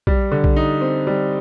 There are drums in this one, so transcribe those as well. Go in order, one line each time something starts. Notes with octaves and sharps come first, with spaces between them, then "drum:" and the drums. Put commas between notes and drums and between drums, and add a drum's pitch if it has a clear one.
G3, drum: kick A#1
D3
drum: kick A#1
D#4
C4
G3